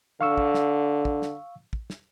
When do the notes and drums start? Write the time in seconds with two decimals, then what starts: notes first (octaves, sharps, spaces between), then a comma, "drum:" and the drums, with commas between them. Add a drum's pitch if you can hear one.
0.21 D3 F5 C#6 E6
0.38 drum: kick
0.54 drum: snare
1.05 drum: kick
1.22 drum: snare
1.73 drum: kick
1.90 drum: snare